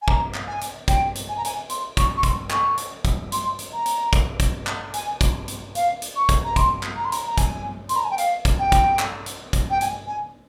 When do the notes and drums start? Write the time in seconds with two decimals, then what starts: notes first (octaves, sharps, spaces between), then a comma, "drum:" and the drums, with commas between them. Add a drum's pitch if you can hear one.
0.02 G#5
0.08 A#5, drum: kick
0.34 drum: clap
0.47 G#5
0.61 drum: hi-hat
0.88 G5, drum: kick, hi-hat
1.15 drum: hi-hat
1.29 G#5
1.37 A#5
1.45 G#5, drum: hi-hat
1.70 C6, drum: hi-hat
1.97 C#6, drum: kick, hi-hat
2.16 C#6
2.23 C6, drum: kick, hi-hat
2.50 C#6, drum: clap
2.78 drum: hi-hat
3.05 drum: kick, hi-hat
3.32 C6, drum: hi-hat
3.59 drum: hi-hat
3.73 A#5
3.86 drum: hi-hat
4.13 drum: kick, hi-hat
4.40 drum: kick, hi-hat
4.67 drum: clap
4.94 G#5, drum: hi-hat
5.21 drum: kick, hi-hat
5.48 drum: hi-hat
5.75 F5, drum: hi-hat
6.02 drum: hi-hat
6.16 C#6
6.29 drum: kick, hi-hat
6.44 A#5
6.56 C6, drum: kick, hi-hat
6.83 drum: clap
6.96 A#5
7.05 C6
7.12 A#5, drum: hi-hat
7.27 A#5
7.38 G#5, drum: kick, hi-hat
7.89 C6, drum: hi-hat
7.96 A#5
8.04 G#5
8.10 G5
8.18 F5, drum: hi-hat
8.45 drum: kick, hi-hat
8.59 G5
8.72 drum: kick, hi-hat
8.99 drum: clap
9.26 drum: hi-hat
9.53 drum: kick, hi-hat
9.70 G5
9.81 G#5, drum: hi-hat
10.07 G#5